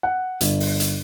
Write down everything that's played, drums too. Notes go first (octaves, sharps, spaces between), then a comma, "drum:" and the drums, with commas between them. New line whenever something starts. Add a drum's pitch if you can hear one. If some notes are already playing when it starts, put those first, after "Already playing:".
F#5
G1, drum: hi-hat
drum: open hi-hat
drum: hi-hat